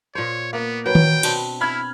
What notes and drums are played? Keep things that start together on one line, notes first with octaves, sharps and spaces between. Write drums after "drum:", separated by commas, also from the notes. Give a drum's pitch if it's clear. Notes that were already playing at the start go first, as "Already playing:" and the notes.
A#2 C5 C#5
A#3 B3
F#3 B4 G5
drum: tom D#3
B2 C4 D4, drum: cymbal
E4 B5 F6 G#6